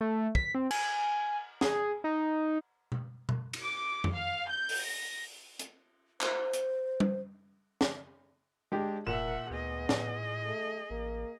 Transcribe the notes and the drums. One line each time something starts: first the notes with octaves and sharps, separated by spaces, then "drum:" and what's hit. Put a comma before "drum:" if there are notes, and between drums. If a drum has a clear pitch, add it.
A3
B6, drum: kick
C4
G#5, drum: cymbal
G#4, drum: snare
D#4
drum: tom B2
drum: tom B2
drum: cymbal
D6
drum: tom F2
F5
G6
drum: open hi-hat
A#6
drum: hi-hat
C5, drum: clap
drum: hi-hat
drum: tom G3
drum: snare
G#3 D4 G4
E1 A#2 A#4 E5 F#5 E7
D2 B3 G#4 D#5
A2, drum: snare
A3
A1 A#3